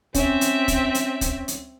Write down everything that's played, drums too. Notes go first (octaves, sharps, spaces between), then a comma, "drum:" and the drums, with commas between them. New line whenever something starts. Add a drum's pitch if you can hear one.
C4 C#4 E5, drum: kick, hi-hat
drum: hi-hat
drum: kick, hi-hat
drum: hi-hat
drum: kick, hi-hat
drum: hi-hat